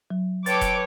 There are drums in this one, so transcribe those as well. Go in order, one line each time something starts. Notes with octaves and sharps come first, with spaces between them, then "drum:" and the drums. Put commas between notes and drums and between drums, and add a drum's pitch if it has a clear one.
F#3
A4 B4 C#5 G5 D6 A6 D7, drum: hi-hat
drum: kick E1, hi-hat